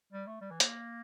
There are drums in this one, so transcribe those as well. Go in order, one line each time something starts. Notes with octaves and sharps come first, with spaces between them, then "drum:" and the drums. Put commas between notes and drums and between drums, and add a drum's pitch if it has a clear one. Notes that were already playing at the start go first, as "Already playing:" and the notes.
G3
A3
G3
E3
A#3, drum: hi-hat